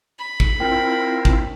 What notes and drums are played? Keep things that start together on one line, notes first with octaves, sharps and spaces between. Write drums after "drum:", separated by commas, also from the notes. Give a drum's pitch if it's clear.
B5
drum: kick
C4 E4 F4 A#4 G5
drum: kick